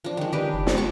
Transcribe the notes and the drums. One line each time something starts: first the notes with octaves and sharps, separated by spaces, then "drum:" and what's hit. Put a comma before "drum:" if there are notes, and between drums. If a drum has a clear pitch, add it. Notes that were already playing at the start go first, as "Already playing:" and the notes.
F3 D4
D#3 G#3
D#3 D4 G4 B4
F#1
drum: snare
B3 C#6 D6